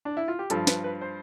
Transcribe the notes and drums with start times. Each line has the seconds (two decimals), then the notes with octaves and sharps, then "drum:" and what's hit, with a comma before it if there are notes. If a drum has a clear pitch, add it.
0.05 D4
0.17 E4
0.28 F4
0.39 G4
0.50 G2 F3 A4, drum: hi-hat
0.67 B4, drum: snare
0.84 B4
1.01 C5